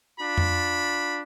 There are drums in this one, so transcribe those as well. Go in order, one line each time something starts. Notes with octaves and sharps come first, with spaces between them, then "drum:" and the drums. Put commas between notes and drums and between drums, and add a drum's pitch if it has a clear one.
D4 F4 B5
drum: tom F2